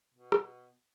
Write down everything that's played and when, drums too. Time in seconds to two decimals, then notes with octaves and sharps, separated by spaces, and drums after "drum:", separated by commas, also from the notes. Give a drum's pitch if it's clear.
0.14 B2
0.32 drum: rim click